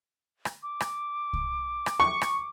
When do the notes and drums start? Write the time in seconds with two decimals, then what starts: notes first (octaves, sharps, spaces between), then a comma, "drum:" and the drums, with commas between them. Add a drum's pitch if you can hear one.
0.45 drum: rim click
0.63 D6
0.80 drum: rim click
1.33 drum: kick C2
1.86 drum: rim click
2.00 C#6
2.21 drum: rim click